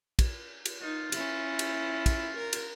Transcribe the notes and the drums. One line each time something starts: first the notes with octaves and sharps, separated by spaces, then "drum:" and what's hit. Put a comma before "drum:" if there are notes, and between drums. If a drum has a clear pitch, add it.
drum: kick, cymbal
drum: cymbal
D#4 F4
C#4 E4, drum: cymbal
drum: cymbal
drum: kick, cymbal
A#4
drum: cymbal